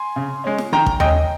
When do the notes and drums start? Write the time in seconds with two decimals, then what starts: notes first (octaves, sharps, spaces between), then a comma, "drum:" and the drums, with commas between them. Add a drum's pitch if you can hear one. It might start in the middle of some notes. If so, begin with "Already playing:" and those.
Already playing: G#5 C6
0.16 C#3
0.44 G#3 C#4
0.59 drum: snare
0.72 D#3 G5 A#5
0.86 drum: kick
1.00 G#3 C#4 D#5 G5, drum: tom D#2